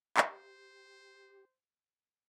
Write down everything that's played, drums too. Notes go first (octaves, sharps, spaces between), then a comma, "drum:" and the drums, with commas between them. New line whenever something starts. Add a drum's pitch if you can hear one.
G4 C5, drum: clap